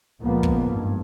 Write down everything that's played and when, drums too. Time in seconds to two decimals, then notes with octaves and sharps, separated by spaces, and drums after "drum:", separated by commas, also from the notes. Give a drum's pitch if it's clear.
0.21 C#2 A#2 F3 A#3 B3
0.43 drum: kick
0.70 G#1 G2